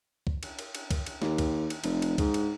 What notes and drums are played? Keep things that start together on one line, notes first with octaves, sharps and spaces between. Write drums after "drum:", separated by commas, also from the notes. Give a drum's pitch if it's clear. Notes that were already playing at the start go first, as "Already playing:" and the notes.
drum: kick C2
drum: cymbal
drum: cymbal
drum: cymbal
drum: kick C2, cymbal
drum: cymbal
D#2, drum: snare
drum: kick C2, cymbal
drum: cymbal
F1, drum: cymbal
drum: cymbal
G#2, drum: kick C2, cymbal
drum: cymbal